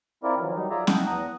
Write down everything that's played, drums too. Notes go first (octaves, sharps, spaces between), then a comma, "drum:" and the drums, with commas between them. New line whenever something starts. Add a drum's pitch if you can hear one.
C4 E4 F4 A#4 D5
F2 D#3 E3 F#3
D#3 F#3 G3 D#4
F4 G#4 D5 E5 A#5
D#5 F#5 G5 A5, drum: snare C#4
E2 F#5 A#5 D#6